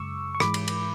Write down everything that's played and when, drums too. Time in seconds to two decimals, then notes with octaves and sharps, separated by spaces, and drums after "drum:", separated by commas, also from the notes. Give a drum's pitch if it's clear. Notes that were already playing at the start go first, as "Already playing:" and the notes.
Already playing: F#2 C#3 G#3 C#6 D6 E6
0.35 C#6
0.40 G#2 E3 G#3 B5 D6, drum: rim click
0.54 drum: cymbal
0.68 drum: cymbal